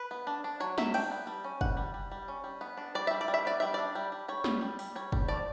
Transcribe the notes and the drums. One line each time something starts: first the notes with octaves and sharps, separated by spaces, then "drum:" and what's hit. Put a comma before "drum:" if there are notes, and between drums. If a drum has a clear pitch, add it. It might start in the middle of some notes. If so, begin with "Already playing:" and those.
Already playing: B4
B3
D4
D4
F#3 C#5
F#3 E5, drum: snare
D4 G5, drum: cymbal
B3
G3
C#4
G3 F#5, drum: kick
G3
G3
G3
C#4
G3
B3
D4
G3 D5
G3 E5
D5
G3
E5
B3 D5
G3 E5
D4 D5
G3
G3
G3 C#5
G3, drum: snare
G3
G3, drum: open hi-hat
G3 C#5
G3, drum: kick
A3 D5